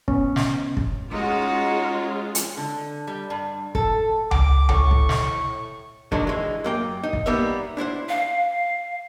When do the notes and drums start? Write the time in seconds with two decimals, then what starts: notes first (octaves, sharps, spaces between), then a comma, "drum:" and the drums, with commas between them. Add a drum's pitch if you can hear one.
0.08 B3 C#4, drum: kick
0.36 drum: snare
0.77 drum: kick
1.11 G#3 C#4 D#4 F4 F#4
2.35 drum: hi-hat
2.57 D3
3.07 G3
3.30 G2
3.75 A4, drum: kick
4.31 D6, drum: tom C#2
4.69 A2 C#6, drum: tom C#2
4.91 drum: kick
5.09 drum: snare
6.12 D3 D#3 F3 F#3 G#3 D4, drum: kick
6.27 E3 G#3
6.64 F#2 A#3 G5
7.03 D#4
7.13 drum: kick
7.26 G3 A#3 B3 E5
7.77 D4 E4 C5 F#5
8.09 F5